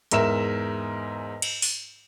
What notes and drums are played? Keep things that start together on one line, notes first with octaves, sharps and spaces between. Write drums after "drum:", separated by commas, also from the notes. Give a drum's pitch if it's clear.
E2 G#2 A#4 E5 E7, drum: hi-hat
drum: cymbal
drum: open hi-hat